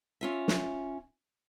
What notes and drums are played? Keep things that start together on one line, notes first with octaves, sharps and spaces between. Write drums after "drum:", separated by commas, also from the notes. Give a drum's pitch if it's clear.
C#4 F4 E5
drum: snare